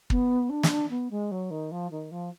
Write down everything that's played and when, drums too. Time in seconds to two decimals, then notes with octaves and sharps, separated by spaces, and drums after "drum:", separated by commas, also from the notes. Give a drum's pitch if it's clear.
0.10 B3, drum: kick
0.49 D4
0.63 drum: snare
0.90 B3
1.10 G#3
1.31 F#3
1.50 D#3
1.71 F3
1.91 D#3
2.11 F3